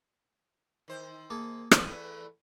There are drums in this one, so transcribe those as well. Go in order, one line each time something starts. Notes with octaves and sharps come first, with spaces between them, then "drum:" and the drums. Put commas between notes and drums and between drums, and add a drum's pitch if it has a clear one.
D#3 C5
A#3 G#4 A4
E2 A3 B4 G#5, drum: rim click